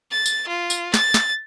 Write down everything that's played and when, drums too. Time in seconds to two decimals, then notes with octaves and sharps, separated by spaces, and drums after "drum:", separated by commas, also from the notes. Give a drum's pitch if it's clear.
0.11 A6
0.26 drum: tambourine
0.48 F4
0.70 drum: tambourine
0.94 A6, drum: snare
1.14 drum: snare